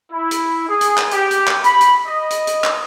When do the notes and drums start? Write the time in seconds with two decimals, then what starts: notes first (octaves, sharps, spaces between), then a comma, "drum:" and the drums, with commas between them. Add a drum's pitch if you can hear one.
0.11 E4
0.31 drum: hi-hat
0.69 G#4
0.81 drum: hi-hat
0.98 drum: clap
1.11 G4, drum: hi-hat
1.31 drum: hi-hat
1.47 drum: clap
1.64 B5, drum: hi-hat
1.81 drum: hi-hat
2.06 D#5
2.31 drum: hi-hat
2.47 drum: hi-hat
2.64 drum: clap